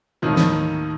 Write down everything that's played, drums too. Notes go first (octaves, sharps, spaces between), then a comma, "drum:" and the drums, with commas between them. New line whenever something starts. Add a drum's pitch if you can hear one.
D#2 A2 D#3 F3
drum: snare